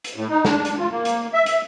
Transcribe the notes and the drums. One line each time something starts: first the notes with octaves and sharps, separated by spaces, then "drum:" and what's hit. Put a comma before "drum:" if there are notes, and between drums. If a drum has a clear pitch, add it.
drum: hi-hat
A2
D#4
D4, drum: snare
drum: hi-hat
F4
A#3
drum: hi-hat
E5
E5, drum: hi-hat